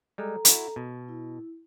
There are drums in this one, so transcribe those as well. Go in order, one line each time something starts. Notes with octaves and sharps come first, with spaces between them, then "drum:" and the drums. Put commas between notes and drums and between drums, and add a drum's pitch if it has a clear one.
G3 G#3 A4 A#5
E4 F#4, drum: hi-hat
B2
E4